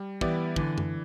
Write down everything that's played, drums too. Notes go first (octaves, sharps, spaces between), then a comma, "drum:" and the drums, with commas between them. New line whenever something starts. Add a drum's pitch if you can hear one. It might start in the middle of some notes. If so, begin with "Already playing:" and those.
Already playing: G3
E3 B3 E4 G4 D5, drum: kick
D3 E3, drum: kick
drum: tom F#2